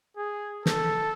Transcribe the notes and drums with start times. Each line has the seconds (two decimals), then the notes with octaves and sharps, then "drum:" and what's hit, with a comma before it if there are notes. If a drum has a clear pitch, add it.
0.17 G#4
0.66 A4, drum: snare